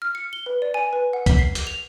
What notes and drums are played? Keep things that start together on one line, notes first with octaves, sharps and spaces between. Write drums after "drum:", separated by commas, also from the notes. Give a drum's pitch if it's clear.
F6
C#7
G7
B4
D5
G#5
B4
F#5
B6, drum: kick C2, hi-hat
C7
drum: hi-hat
F7